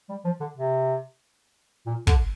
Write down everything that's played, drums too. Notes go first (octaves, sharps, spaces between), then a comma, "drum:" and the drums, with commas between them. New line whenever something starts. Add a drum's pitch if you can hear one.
G3
F3
D3
C3
A#2
D3, drum: kick